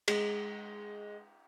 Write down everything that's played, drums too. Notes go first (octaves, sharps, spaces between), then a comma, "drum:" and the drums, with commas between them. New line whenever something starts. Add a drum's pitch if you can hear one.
G#3, drum: cymbal